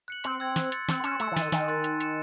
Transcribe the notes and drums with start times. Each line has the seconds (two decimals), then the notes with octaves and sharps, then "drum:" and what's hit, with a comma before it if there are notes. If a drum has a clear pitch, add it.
0.08 F#6 C#7 F#7
0.24 C4 C6, drum: hi-hat
0.40 E6 G#6
0.56 F#6, drum: snare
0.72 A6 C#7, drum: hi-hat
0.89 C4 C6, drum: snare
1.04 C#4 F#6 C#7 E7, drum: hi-hat
1.20 A3 E6, drum: hi-hat
1.32 E3
1.37 A6 D#7, drum: snare
1.42 D#3
1.52 D#3 G#5, drum: snare
1.68 C6 F#6 A6
1.84 F#6, drum: hi-hat
2.00 C#7 E7, drum: hi-hat